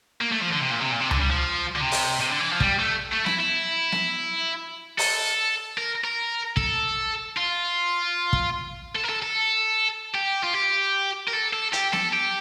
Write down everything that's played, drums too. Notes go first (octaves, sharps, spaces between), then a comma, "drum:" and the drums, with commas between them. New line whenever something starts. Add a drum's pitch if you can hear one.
A#3
A3
F3
D3
C3
A#2
C3
A#2
C3
D3, drum: tom C#2
G3
F3
D3
C3
drum: open hi-hat
C3
D3
E3
F3
G3, drum: kick
A3
A3
E4, drum: snare B3
E4
drum: snare B3
A4, drum: open hi-hat
A#4
A#4
A4, drum: kick
F4
drum: kick
A4
A#4
A4
A4
G4
F4
G4
A#4
A4
A4
G4, drum: hi-hat
A4, drum: snare B3
G4